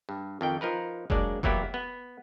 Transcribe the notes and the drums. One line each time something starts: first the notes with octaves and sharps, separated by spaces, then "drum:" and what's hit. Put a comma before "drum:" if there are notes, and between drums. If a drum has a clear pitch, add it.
G2
F2 D#3 G5
F3 D#4 A#4 B4
F#3 G#3 A#3 D4 D5, drum: kick F1
E3 F#3 A#3 B3 E4 G4, drum: kick F1
B3